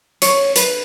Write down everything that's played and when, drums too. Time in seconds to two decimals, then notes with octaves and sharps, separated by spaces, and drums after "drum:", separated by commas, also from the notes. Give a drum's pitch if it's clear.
0.22 C#5, drum: hi-hat
0.56 B4, drum: hi-hat